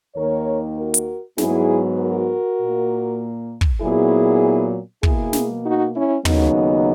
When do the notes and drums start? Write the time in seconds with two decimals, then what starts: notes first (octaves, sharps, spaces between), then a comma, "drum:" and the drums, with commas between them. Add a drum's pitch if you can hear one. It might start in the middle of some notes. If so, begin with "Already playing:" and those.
0.16 D#2 D#3 A#3 A#4 C#5
0.77 F#4 A#4
0.94 drum: hi-hat
1.38 G#2 F#3 B3 E4 G#4, drum: snare
1.99 F#4 A#4
2.60 A#2 A#3
3.61 drum: kick
3.81 A#2 F#3 B3 E4 G#4
5.03 B2 A#3 E4 G#4, drum: kick
5.33 drum: snare
5.65 D#4 F#4
5.95 C#4 E4
6.25 D#2 C#3 F#3 B3 D#4, drum: tom